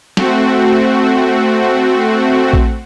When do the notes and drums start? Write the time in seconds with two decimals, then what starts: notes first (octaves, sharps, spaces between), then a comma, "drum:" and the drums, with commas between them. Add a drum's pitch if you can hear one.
0.17 A3 C4 F#4, drum: snare
2.53 drum: kick A#1